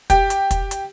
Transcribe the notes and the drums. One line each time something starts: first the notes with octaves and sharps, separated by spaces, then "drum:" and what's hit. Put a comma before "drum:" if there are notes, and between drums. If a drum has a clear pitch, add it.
G4, drum: kick, hi-hat
drum: hi-hat
drum: kick, hi-hat
drum: hi-hat